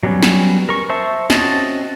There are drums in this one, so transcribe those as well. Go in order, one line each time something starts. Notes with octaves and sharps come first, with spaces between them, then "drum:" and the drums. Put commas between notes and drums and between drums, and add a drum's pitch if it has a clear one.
F#3 G3 B3 C#4
drum: snare
A#4 C#6
C5 E5 A5 C#6
C4 C#4 F#4 D#5 A5, drum: snare